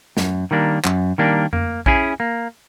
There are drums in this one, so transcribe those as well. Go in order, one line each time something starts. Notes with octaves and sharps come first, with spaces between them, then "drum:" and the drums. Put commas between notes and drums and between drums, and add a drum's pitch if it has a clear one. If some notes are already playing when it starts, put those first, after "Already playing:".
F#2, drum: snare
D#3 G3 A#3 D4
F#2, drum: clap
D#3 G3 A#3 D4
A#3, drum: tom F2
C#4 E4 G#4, drum: kick A#1
A#3